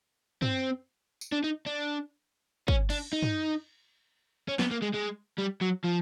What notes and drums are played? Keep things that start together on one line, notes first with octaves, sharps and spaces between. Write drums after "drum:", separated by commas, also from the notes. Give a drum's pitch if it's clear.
C4, drum: tom
drum: tambourine
D4
D#4
D4
C#4, drum: kick
D4, drum: cymbal
D#4
drum: tom
C#4
B3, drum: snare
A#3
G#3
G#3
G3
F#3
F3